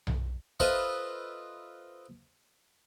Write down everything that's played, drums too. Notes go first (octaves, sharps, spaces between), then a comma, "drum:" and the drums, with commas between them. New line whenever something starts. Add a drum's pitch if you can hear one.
drum: tom B1
F4 A4 B4 C5 D#5 E5, drum: kick